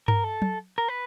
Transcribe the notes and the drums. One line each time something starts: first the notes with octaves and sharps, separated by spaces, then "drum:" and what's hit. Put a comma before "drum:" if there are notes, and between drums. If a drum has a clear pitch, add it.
A#4, drum: tom G2
A4
drum: tom F#3
A#4
B4